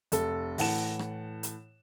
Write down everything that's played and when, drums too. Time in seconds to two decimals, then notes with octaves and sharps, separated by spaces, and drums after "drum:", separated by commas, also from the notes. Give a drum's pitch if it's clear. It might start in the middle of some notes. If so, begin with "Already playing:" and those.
0.12 F1 A4, drum: hi-hat
0.58 A2 E3 F#5 A5 E7, drum: open hi-hat
0.99 drum: rim click
1.43 drum: hi-hat